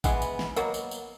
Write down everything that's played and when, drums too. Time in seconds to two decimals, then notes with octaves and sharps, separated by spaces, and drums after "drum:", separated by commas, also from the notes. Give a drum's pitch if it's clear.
0.04 E3 G#3 B3 F#5, drum: kick A1, tambourine
0.22 drum: tambourine
0.39 drum: snare
0.56 B2 F#3 A#3, drum: tambourine
0.74 drum: tambourine
0.91 drum: tambourine